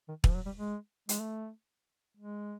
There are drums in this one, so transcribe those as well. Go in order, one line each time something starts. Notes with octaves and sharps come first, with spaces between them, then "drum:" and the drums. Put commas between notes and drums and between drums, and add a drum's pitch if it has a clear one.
D#3
E3, drum: kick
F3
F#3
G3
G#3
G#3, drum: hi-hat
A3
G#3